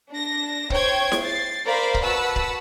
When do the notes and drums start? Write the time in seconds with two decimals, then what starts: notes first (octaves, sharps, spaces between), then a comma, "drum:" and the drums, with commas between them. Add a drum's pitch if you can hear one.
0.11 D4 A#6
0.70 C5 C#5 G5 G#6, drum: kick
1.12 drum: snare E4
1.22 A6 C7
1.67 A#4 C5 D5 F5 B5
1.94 drum: kick
2.04 F#4 B4 F#5 A5 B5 E6
2.36 drum: kick